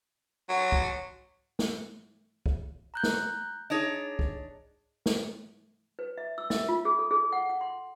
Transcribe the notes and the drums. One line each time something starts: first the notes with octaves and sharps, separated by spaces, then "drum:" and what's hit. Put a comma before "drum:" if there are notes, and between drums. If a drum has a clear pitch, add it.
F#3
drum: kick
drum: snare
drum: kick
A#5 F#6 G6
drum: snare
D4 D#4 G#4 C#5 D#5
drum: kick
drum: snare
B4
E5
E6
E5, drum: snare
F4
G#4
A4
G#4
F#5
F#5
C6